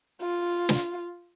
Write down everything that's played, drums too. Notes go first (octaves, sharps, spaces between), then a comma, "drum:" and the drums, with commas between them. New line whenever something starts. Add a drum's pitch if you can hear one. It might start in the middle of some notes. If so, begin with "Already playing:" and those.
F4
drum: snare